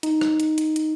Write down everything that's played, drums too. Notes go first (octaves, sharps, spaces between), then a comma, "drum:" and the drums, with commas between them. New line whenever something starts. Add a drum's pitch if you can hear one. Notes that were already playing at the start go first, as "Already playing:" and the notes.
D#4, drum: hi-hat
drum: rim click
drum: hi-hat
drum: hi-hat
drum: hi-hat